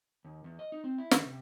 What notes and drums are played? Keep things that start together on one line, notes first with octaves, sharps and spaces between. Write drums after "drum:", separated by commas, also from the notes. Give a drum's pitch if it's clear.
D#2
E2
D#5
D#4
C4
E4
D#3, drum: snare
C3